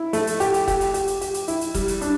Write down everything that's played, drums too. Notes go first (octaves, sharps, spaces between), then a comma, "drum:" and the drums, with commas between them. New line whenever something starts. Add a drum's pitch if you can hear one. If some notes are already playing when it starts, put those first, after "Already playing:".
Already playing: E4
A3, drum: hi-hat
drum: hi-hat
G4, drum: hi-hat
drum: hi-hat
G4, drum: kick, hi-hat
drum: hi-hat
G4, drum: hi-hat
drum: hi-hat
G4, drum: hi-hat
drum: hi-hat
E4, drum: hi-hat
drum: hi-hat
G3, drum: kick, hi-hat
drum: hi-hat
D4, drum: hi-hat